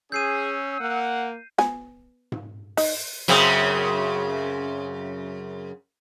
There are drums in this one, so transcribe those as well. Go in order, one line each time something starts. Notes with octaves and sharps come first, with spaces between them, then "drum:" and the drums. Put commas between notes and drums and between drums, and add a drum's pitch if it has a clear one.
C#4 G#4 E6 G6 C7 D#7
A#3 F#5
B3 G#5, drum: snare
drum: tom G#2
D#4, drum: open hi-hat
F#2 C#3 C4, drum: cymbal